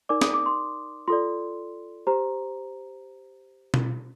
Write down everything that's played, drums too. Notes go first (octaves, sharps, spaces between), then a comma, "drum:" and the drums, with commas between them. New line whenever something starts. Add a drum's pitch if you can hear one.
D#4 A#4 D5 D6
D#6, drum: snare
D6
C6
F4 A4 D5 C6
G4 C5 A#5
drum: tom B2